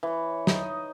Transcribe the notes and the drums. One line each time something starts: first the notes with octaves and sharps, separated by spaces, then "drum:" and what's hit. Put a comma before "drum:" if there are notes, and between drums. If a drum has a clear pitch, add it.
E3 C#5
D#4, drum: snare
D#5